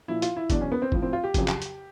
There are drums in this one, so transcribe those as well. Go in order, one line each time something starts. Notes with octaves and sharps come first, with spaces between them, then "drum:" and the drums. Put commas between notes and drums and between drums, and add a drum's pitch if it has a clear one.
A#2 F3 E4
F4, drum: hi-hat
E4
E2 B2 F#3 D4, drum: kick, hi-hat
C#4
B3
C4
A2 F3, drum: kick
C4
F4
G4
F2 C#3 F#3, drum: kick, hi-hat
drum: clap
drum: hi-hat